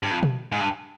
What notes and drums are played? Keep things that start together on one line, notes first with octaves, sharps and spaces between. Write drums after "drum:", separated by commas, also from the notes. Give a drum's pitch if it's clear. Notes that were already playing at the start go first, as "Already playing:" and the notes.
G2
F2
drum: tom B2
G#2
G2